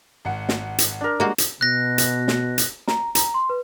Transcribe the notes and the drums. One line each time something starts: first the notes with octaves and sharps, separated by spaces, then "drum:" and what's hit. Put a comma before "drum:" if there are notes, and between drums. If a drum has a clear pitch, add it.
G#1 F#5
drum: snare
drum: hi-hat
D4 A#4
G3 G#3 A#3 F#4
drum: hi-hat
B2 F#6 A#6
drum: hi-hat
drum: snare
drum: hi-hat
A#5, drum: snare
A#5, drum: hi-hat
C6
B4